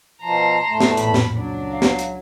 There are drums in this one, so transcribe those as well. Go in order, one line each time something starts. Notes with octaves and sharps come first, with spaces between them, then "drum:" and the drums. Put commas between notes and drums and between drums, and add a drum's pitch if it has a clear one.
B2 F3 A5 A#5 C6
E2 A2 A3
drum: snare
A1 F2 A#2 B5, drum: hi-hat
drum: snare
C#2 F#3 D4
F5
drum: snare
drum: hi-hat